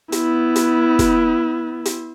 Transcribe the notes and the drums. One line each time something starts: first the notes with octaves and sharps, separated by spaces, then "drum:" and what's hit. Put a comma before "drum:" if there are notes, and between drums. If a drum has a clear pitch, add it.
B3 E4, drum: hi-hat
drum: hi-hat
drum: kick, hi-hat
drum: hi-hat